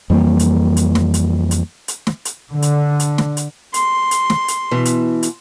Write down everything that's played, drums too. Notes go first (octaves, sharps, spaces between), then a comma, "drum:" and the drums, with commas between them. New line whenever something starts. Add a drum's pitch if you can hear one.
F2 E3 G3 A#3
drum: hi-hat
drum: hi-hat
drum: snare
drum: hi-hat
drum: hi-hat
drum: hi-hat
drum: snare
drum: hi-hat
D3
drum: hi-hat
drum: hi-hat
drum: snare
drum: hi-hat
C6, drum: hi-hat
drum: hi-hat
drum: snare
drum: hi-hat
B2 E3
drum: hi-hat
drum: hi-hat